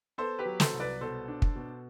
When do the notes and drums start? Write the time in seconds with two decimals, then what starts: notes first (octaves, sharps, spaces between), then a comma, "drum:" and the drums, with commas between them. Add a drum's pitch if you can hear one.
0.18 B3 A4 C5
0.39 G4 B4
0.45 F#3
0.60 A4 C5, drum: snare
0.74 C2
0.80 B4 D5
1.01 B2 A4 C5
1.28 D4
1.42 drum: kick
1.55 B2